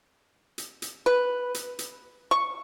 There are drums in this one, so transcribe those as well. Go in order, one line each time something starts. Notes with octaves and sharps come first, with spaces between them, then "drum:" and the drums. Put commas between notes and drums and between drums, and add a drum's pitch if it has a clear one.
drum: hi-hat
drum: hi-hat
B4
drum: hi-hat
drum: hi-hat
C#6